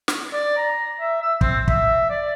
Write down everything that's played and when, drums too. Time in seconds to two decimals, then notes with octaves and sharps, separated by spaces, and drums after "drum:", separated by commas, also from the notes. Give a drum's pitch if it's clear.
0.08 drum: snare
0.33 D5
0.57 A#5
1.01 E5
1.22 E6
1.41 C4, drum: kick
1.68 E5, drum: kick
2.10 D5